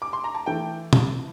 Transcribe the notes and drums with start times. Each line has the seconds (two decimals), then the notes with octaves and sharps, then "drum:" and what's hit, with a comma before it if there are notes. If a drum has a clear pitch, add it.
0.02 D6
0.13 C6
0.24 A#5
0.35 A5
0.46 E3 A3 G5
0.93 drum: tom B2